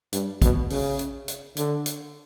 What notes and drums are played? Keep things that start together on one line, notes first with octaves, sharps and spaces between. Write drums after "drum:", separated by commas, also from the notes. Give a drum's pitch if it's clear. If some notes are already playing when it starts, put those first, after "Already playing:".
G2, drum: hi-hat
B2, drum: kick A1, hi-hat
C#3, drum: open hi-hat
drum: hi-hat
drum: hi-hat
D3, drum: hi-hat
drum: hi-hat